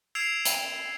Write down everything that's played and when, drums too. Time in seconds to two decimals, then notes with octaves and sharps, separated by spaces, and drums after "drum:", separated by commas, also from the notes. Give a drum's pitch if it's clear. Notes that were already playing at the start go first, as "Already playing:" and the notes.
0.15 E6 G#6 C7 D7 E7 F7
0.45 drum: hi-hat